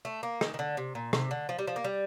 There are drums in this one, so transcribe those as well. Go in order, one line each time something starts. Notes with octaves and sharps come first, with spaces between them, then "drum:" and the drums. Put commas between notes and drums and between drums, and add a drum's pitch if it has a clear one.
A3
A#3
D#3, drum: rim click
D#3
D3
C3
A#2
C3, drum: rim click
D3
F3
G3
F3
A#3
G3